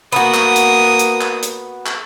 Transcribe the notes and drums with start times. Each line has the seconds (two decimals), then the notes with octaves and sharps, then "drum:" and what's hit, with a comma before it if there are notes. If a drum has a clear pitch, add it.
0.12 A#3 B3 F#4 D#6
0.34 drum: clap
0.56 drum: hi-hat
0.99 drum: hi-hat
1.21 drum: clap
1.43 drum: hi-hat
1.86 drum: clap